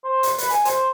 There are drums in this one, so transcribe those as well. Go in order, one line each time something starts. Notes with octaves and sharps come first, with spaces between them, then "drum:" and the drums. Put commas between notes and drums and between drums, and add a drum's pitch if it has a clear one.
C5
drum: hi-hat
B4, drum: hi-hat
G#5, drum: hi-hat
C5, drum: hi-hat